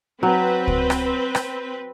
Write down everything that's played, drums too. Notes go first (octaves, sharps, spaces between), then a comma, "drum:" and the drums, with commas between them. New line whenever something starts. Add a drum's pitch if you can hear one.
F#3 C4 B4
drum: kick C#2
drum: rim click
drum: rim click